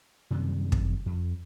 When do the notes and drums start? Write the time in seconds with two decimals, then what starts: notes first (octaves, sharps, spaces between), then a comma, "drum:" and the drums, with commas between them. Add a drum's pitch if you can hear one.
0.31 F#2 C3 D#3 G3
0.72 drum: kick
1.06 F2